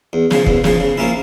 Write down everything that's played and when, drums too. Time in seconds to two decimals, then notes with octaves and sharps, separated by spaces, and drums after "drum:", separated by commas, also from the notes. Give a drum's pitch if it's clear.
0.13 E2
0.31 C#3 F3, drum: snare
0.47 E2, drum: kick F1
0.64 C#3 F3, drum: snare
0.80 C#3
0.98 F3 A#3 C#4 E4